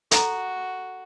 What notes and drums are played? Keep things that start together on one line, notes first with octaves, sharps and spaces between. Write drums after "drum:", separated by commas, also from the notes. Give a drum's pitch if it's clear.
F#4 A4 A#5, drum: hi-hat